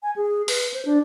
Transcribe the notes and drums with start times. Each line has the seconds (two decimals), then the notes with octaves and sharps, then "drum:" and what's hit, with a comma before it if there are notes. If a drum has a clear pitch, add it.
0.03 G#5
0.16 G#4
0.48 B4, drum: open hi-hat
0.74 C5
0.85 D4